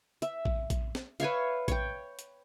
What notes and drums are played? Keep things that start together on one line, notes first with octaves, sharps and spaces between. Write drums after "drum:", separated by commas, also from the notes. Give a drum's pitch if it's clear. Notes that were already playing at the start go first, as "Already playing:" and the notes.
E5, drum: hi-hat
drum: kick A#1
drum: kick A#1, hi-hat
drum: snare
B4 C#5 E5 F5, drum: hi-hat
C#5 G5, drum: kick A#1, hi-hat
drum: hi-hat